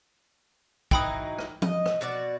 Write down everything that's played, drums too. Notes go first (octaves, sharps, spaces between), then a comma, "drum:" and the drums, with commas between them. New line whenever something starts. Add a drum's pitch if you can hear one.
E3 F#3 D#4 G5 B5 D#6, drum: kick
drum: rim click
D#5, drum: tom F3
drum: rim click
B2 F#4 D5